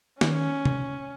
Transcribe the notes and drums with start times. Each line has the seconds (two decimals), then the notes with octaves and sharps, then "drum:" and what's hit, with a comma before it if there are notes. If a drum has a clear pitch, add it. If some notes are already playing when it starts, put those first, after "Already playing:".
0.21 D#3 C#4, drum: snare
0.65 drum: tom C3